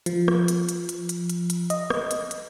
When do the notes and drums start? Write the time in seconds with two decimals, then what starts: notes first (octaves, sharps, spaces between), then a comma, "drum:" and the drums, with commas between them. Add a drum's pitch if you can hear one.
0.06 F3, drum: hi-hat
0.28 drum: rim click
0.48 drum: hi-hat
0.69 drum: hi-hat
0.89 drum: hi-hat
1.09 drum: hi-hat
1.30 drum: hi-hat
1.50 drum: hi-hat
1.70 D#5, drum: hi-hat
1.90 drum: rim click
2.11 drum: hi-hat
2.31 drum: hi-hat